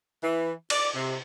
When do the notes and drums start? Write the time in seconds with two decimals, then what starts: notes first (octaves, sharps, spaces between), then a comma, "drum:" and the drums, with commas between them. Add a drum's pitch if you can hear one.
0.21 E3
0.70 D5, drum: cymbal
0.94 C3